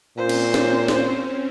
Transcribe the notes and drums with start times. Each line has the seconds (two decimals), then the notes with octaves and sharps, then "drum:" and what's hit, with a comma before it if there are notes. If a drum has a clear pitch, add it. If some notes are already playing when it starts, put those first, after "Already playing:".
0.17 A#2 C4 C#4 C5
0.29 drum: cymbal
0.54 drum: snare
0.88 drum: snare